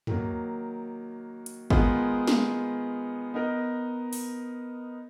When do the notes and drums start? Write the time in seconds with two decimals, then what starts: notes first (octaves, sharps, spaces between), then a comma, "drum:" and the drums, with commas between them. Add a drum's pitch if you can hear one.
0.07 D#3 F#3 A#3, drum: tom
1.46 drum: hi-hat
1.70 D#3 G#3 B3 F4 G#4, drum: kick
2.27 drum: snare
3.34 B3 D#4 A#4 D#5
4.13 drum: open hi-hat